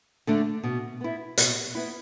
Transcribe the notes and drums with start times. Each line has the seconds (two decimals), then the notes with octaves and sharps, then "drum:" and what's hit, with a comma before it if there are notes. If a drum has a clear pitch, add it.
0.27 D3 A3 D4
0.64 B2
1.01 B3 E4
1.38 B2, drum: hi-hat
1.75 B3 E4